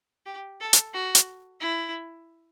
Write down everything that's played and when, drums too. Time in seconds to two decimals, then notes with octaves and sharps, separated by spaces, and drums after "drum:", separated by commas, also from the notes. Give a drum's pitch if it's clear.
0.26 G4
0.61 A4
0.73 drum: hi-hat
0.94 F#4
1.15 drum: hi-hat
1.61 E4